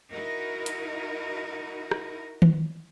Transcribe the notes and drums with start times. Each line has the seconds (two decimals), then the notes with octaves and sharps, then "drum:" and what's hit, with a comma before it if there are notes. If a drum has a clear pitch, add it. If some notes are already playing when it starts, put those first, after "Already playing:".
0.11 D#4 E4 F#4 A#4 D#5
0.66 drum: hi-hat
1.91 drum: rim click
2.42 drum: tom D#3